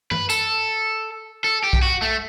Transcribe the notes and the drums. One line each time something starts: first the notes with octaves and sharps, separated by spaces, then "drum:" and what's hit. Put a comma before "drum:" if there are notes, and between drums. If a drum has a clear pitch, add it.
B4, drum: tom G2
A4, drum: tambourine
A4
G4
drum: kick B1
F#4
A3